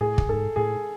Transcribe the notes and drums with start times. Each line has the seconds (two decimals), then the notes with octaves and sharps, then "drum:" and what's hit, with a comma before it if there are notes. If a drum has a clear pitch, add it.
0.01 A2 G#4
0.18 drum: kick
0.29 G#2 A4
0.56 A2 G#4